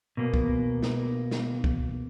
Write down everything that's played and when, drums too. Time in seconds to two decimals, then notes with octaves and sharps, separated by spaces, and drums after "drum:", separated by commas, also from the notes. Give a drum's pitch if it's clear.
0.17 B2 A#3
0.34 drum: kick
0.82 drum: snare
1.31 drum: snare
1.64 drum: kick